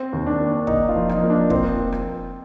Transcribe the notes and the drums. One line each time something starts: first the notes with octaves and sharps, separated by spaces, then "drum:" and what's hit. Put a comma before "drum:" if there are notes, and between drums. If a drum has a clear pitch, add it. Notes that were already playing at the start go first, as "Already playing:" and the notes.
Already playing: C4
D#2
D4
A#3
A#3 D#4, drum: kick
F4
F3
D#4, drum: rim click
A#3
D4
C4 F4, drum: kick
drum: rim click